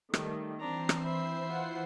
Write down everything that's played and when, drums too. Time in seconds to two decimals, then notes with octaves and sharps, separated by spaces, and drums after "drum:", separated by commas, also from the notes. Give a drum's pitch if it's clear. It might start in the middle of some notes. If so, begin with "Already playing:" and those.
0.14 D#3 G3 A3, drum: rim click
0.60 E3 C4 D4 C5 A#5 C7
0.89 drum: rim click
1.03 E5 B5
1.50 F4 F#5